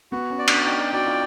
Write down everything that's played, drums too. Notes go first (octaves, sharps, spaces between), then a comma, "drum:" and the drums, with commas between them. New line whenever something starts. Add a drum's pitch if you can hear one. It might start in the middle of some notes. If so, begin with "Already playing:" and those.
B3 F#4
C#4
D5
D4, drum: cymbal
D#4 G5
F#4 D5
F4